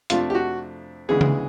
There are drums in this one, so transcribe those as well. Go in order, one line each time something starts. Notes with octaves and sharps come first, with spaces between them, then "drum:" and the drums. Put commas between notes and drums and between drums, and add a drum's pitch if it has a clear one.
F2 C3 F3 A3 D4 F4, drum: hi-hat
G4
F#4
D2 C#3 E3 G#3 B3 G#4
drum: tom C#3